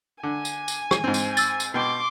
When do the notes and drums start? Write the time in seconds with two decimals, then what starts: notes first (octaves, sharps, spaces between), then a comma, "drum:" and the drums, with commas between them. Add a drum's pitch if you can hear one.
0.23 D3 G#5
0.45 drum: tambourine
0.68 drum: tambourine
0.91 drum: rim click
1.04 G#2 C4
1.14 drum: tambourine
1.37 E6 A6, drum: tambourine
1.60 drum: tambourine
1.74 B2 G5 C6 D6